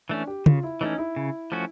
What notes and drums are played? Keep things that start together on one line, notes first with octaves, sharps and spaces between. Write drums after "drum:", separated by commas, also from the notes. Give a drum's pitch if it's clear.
E3 A3 C#4 D4
G4
C#3 F4, drum: tom C#3
E4
E3 A3 C#4 D#4
E4
C#3
F3 A3 C#4 F#4